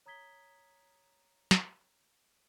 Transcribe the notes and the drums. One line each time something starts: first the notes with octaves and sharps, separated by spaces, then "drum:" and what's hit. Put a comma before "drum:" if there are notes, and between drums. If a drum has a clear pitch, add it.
C#5 A#5 D#6 G#6 B6 G7
drum: snare